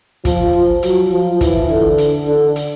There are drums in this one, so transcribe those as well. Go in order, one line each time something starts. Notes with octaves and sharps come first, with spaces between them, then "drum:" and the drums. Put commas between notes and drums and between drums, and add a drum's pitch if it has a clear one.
F3, drum: kick, hi-hat
F#3, drum: hi-hat
F3
E3, drum: kick, hi-hat
D3
drum: hi-hat
D3
drum: hi-hat